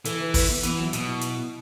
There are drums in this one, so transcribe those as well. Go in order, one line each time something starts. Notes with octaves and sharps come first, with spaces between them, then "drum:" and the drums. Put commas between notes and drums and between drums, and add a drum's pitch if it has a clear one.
E3 A4, drum: hi-hat
B4
B4, drum: kick, open hi-hat
B3
E3 B3, drum: hi-hat
F#3
B2 B3, drum: hi-hat
E4
drum: hi-hat